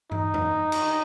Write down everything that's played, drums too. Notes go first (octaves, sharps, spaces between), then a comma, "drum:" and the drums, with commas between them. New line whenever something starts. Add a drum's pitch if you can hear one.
D#4, drum: tom
drum: tom F2
drum: cymbal